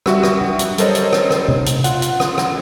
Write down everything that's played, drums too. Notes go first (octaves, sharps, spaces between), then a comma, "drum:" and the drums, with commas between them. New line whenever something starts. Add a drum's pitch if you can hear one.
G3 F#4 E5, drum: rim click
drum: rim click
drum: tom
drum: hi-hat
G3 A4 A#4 C5 C#5 D#5, drum: hi-hat
drum: hi-hat
drum: rim click
drum: rim click
drum: tom C3
drum: hi-hat
F4 F#5, drum: hi-hat
drum: hi-hat
drum: rim click
drum: rim click